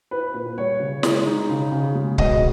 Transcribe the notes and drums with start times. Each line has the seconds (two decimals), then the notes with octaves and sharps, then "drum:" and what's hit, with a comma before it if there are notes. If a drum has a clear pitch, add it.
0.11 E4 B4
0.34 A#2 B4
0.58 G3 C#5
0.80 C#3
1.03 G#3, drum: snare
1.26 D#4
1.50 C#3
1.72 C#3
1.95 G#3
2.18 B2 D#5, drum: kick C#1